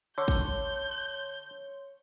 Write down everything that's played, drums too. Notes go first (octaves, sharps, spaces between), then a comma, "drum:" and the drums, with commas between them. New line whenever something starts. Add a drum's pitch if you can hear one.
D3 C#5 C6 G6
drum: kick